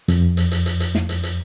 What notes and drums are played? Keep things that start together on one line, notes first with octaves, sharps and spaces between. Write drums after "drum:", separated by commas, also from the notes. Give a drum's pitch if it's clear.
F2, drum: hi-hat
drum: hi-hat
drum: hi-hat
drum: hi-hat
drum: hi-hat
drum: snare
drum: hi-hat
drum: hi-hat